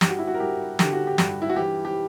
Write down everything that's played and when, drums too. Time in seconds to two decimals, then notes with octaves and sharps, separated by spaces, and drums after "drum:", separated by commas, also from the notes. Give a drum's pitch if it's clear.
0.01 G2 G4, drum: snare
0.10 F#4
0.19 E4
0.27 F#4
0.34 A#4
0.40 G3 G4
0.79 D3 G4, drum: snare
0.93 F#4
1.07 G4
1.18 G2, drum: snare
1.42 E4
1.50 F#4
1.56 E3 G4
1.85 G4